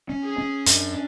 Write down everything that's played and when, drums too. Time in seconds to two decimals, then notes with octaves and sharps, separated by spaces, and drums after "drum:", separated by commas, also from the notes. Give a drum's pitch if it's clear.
0.09 C#4
0.24 G#4
0.38 C#4
0.66 F#2 D4, drum: hi-hat